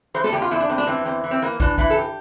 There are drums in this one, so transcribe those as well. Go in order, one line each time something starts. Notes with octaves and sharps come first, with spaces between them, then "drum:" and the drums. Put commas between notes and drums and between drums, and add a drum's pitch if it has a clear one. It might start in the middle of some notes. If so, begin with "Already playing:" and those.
E3 C5
A4, drum: snare
E2 G4
F4
E2 E4
D4
E2 C4
D4, drum: snare
E3 C4
E2 C4
E3
C4
E3 A#3
E3 D4, drum: kick
E3 E4, drum: kick
A4
G4